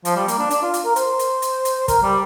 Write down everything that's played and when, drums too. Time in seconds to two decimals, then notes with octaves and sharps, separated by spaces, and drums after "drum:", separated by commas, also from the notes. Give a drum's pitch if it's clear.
0.05 F3, drum: hi-hat
0.16 G3
0.28 A#3, drum: hi-hat
0.39 D4
0.50 D4, drum: hi-hat
0.62 F4
0.74 drum: hi-hat
0.85 A#4
0.96 C5, drum: hi-hat
1.19 drum: hi-hat
1.42 drum: hi-hat
1.65 drum: hi-hat
1.88 A#4, drum: kick, hi-hat
2.03 G3